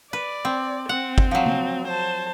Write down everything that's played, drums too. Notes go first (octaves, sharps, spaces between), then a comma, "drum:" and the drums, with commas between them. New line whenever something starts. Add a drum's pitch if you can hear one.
B4 D5
C4
C4 F#5
drum: kick G1
F3 F#3
drum: tom
C5 A5